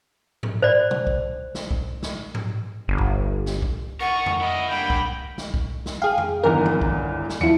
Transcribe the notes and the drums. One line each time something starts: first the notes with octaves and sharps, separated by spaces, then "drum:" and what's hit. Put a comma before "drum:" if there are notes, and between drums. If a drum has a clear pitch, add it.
drum: tom G#2
C5 D5
drum: tom B2
drum: kick B1
drum: snare
drum: kick B1
drum: snare
drum: tom G#2
G1
drum: kick B1
drum: snare
drum: kick B1
A#4 D#5 F#5 C#6 A6
drum: tom F2
E4 A#4 D#5
G2 A#3 G5 B5
drum: kick B1
drum: snare
drum: kick B1
drum: snare
G#4 F5 G5
drum: tom F2
G1 E2 D#3 A#4
drum: tom
drum: kick B1
drum: snare
E2 F3 E4 C#7